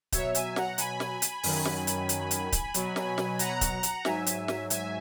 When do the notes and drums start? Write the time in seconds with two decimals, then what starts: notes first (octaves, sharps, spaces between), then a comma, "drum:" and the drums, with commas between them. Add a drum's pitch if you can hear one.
0.12 B2 F#3 C#5 E5, drum: kick D1, hi-hat
0.35 E5 G#5, drum: hi-hat
0.56 F#5 A#5, drum: snare
0.78 G#5 B5, drum: hi-hat
1.00 drum: snare
1.22 drum: hi-hat
1.43 F#2 D#3 F#3, drum: open hi-hat
1.65 drum: snare
1.87 drum: hi-hat
2.09 drum: hi-hat
2.31 drum: hi-hat
2.52 drum: kick D1, hi-hat
2.74 B2 F#3, drum: hi-hat
2.96 drum: snare
3.18 drum: snare
3.39 F#5 A#5, drum: hi-hat
3.61 drum: kick D1, hi-hat
3.83 drum: hi-hat
4.05 G#2 F#3 E5 G#5, drum: snare
4.26 drum: hi-hat
4.48 drum: snare
4.70 E5 G#5, drum: hi-hat